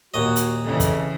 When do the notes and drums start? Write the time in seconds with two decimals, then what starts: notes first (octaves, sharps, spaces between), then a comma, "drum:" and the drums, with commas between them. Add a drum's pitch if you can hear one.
0.14 D#2 A#2 F#4 D#5
0.36 drum: hi-hat
0.64 F2 C#3 E3
0.80 drum: kick, hi-hat